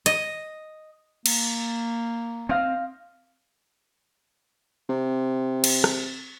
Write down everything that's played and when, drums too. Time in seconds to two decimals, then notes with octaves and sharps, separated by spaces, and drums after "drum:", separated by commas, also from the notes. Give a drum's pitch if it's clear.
0.06 D#5, drum: hi-hat
1.26 A#3, drum: cymbal
2.49 C4 D#5 F5 A#6
4.89 C3
5.64 drum: cymbal
5.84 drum: rim click